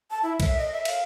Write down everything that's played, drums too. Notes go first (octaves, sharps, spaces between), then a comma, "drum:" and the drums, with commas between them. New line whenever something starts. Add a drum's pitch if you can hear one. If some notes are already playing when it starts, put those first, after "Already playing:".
A5
E4
E5, drum: kick, cymbal
D#5
E5
F5, drum: cymbal